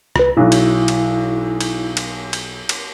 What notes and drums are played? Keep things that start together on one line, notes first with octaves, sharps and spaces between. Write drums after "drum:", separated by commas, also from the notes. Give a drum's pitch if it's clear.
C2 B4, drum: rim click
B1 F#3 E4
drum: cymbal
drum: cymbal
drum: cymbal
drum: cymbal
drum: cymbal
drum: cymbal